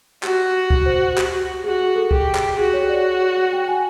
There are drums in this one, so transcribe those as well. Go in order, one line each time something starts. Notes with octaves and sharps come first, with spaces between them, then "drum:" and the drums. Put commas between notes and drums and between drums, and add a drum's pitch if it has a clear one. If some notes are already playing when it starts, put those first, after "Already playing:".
F#4 G4, drum: clap
drum: kick C#2
C5
G4, drum: clap
F#4 G#4
G#4
A4
G4 G#4, drum: kick C#2
drum: clap
F#4 G#4
C#5
D5
F#5
G5
G#5